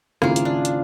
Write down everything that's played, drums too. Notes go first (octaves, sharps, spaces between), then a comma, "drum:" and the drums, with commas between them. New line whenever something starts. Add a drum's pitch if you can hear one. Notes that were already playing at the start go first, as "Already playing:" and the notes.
G#1 C#3 A#3 E4 F4 G#4, drum: rim click
drum: hi-hat
D4
drum: hi-hat